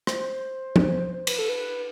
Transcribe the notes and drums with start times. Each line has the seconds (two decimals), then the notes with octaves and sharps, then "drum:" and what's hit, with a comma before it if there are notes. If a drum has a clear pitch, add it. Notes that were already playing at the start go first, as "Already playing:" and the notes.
0.07 C5, drum: rim click
0.76 drum: tom
1.27 B4, drum: cymbal
1.39 A4
1.49 B4